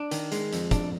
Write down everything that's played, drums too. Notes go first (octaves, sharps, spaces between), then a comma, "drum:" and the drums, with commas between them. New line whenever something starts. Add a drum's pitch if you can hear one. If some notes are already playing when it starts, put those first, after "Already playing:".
Already playing: D4
D#3, drum: hi-hat
G#3, drum: hi-hat
F2, drum: hi-hat
D4, drum: kick, hi-hat